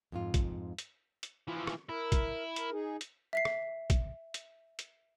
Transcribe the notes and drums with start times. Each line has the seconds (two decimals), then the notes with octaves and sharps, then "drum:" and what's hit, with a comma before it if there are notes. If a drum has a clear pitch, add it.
0.12 F2 G#2 F4
0.34 drum: kick, hi-hat
0.78 drum: hi-hat
1.23 drum: hi-hat
1.48 E3 F3
1.67 drum: rim click
1.89 E4 A#4
2.12 drum: kick, hi-hat
2.56 A#4, drum: hi-hat
2.72 D#4 G#4
3.01 drum: hi-hat
3.33 E5 B6 C7
3.45 drum: rim click
3.90 drum: kick, hi-hat
4.34 drum: hi-hat
4.79 drum: hi-hat